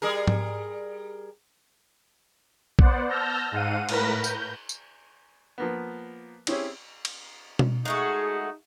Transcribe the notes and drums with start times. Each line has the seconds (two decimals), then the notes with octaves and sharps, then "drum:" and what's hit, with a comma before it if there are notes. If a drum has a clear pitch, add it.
0.02 G3 G#4 A#4
0.28 drum: tom G#2
2.79 B3 C5 D5 F#5, drum: kick A#1
3.09 A5 E6 F6 G6 A#6
3.52 G#2 F5 F#5 D#7
3.89 A2 A#4 B4 B5 A#6, drum: cymbal
4.24 G6, drum: tambourine
4.69 drum: tambourine
5.58 F3 A#3 B3
6.47 C4 C#4 E4 G4 G#4 C#5, drum: cymbal
7.05 drum: cymbal
7.59 drum: tom B2
7.85 G#3 A3 D#4 F#4 G#4